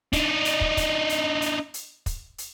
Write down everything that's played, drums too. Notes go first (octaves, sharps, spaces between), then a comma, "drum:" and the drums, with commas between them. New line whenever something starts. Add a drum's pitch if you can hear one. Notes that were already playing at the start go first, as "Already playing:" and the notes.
D4 D#4, drum: kick, hi-hat
drum: hi-hat
drum: kick
drum: kick, hi-hat
drum: hi-hat
drum: hi-hat
drum: hi-hat
drum: kick, hi-hat
drum: hi-hat